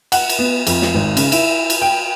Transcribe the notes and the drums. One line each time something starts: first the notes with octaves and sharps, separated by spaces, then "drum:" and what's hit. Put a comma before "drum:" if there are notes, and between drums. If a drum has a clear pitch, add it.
F#5, drum: cymbal
drum: cymbal
B3
F2, drum: cymbal
drum: snare
G#1
C#3, drum: cymbal
E4, drum: cymbal
drum: cymbal
G5